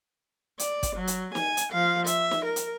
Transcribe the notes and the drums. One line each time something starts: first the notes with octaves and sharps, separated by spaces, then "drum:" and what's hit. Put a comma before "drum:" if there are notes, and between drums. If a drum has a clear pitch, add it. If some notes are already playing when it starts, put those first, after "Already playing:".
D5, drum: hi-hat
drum: kick, hi-hat
F#3
drum: hi-hat
G#5, drum: snare
drum: hi-hat
F3 F5
E5, drum: hi-hat
drum: snare
A#4
drum: hi-hat